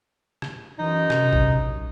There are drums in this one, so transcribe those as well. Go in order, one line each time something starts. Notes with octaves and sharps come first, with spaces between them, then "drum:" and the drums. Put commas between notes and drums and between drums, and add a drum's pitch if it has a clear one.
drum: rim click
F#2 E3 D#4
C3, drum: rim click
drum: kick
A#1